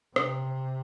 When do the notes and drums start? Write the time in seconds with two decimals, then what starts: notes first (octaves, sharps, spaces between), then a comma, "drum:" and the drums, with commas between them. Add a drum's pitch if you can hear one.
0.16 C3, drum: rim click